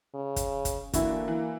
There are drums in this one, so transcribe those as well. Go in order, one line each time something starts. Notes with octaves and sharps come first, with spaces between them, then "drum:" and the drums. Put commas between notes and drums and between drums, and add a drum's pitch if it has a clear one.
C#3
drum: kick, hi-hat
drum: kick, hi-hat
D3 E3 A#3 E4 F#4, drum: kick, hi-hat
E3